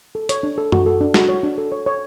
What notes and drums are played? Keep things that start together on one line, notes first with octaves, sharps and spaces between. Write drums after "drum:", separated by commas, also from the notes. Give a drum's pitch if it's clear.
A4
C#5, drum: hi-hat
D4
A4
F#4, drum: tom F#2
A4
D4
F#4, drum: snare
C#5
D4
A4
C#5
C#5